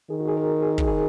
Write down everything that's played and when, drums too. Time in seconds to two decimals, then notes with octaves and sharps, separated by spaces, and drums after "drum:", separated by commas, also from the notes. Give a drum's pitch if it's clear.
0.10 D#3 G#4
0.20 F#4
0.28 G#4
0.37 A#4
0.62 G#4
0.78 drum: kick
0.88 G#4